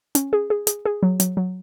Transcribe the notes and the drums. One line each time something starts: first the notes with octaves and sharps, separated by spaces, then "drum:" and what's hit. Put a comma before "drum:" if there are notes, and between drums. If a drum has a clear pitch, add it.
C#4, drum: hi-hat
G#4
G#4
G#4, drum: hi-hat
G#4
F#3
F#3, drum: hi-hat
F#3